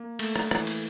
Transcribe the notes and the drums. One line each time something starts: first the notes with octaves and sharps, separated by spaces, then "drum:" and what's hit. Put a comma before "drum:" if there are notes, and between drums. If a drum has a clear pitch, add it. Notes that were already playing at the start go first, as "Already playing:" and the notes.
Already playing: A#3
A3, drum: cymbal
drum: rim click
E3, drum: rim click
drum: cymbal